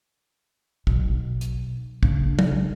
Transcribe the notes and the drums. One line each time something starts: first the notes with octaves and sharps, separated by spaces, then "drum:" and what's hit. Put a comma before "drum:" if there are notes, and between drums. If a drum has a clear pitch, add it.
B1, drum: kick
drum: hi-hat
C#3 D4, drum: kick
drum: tom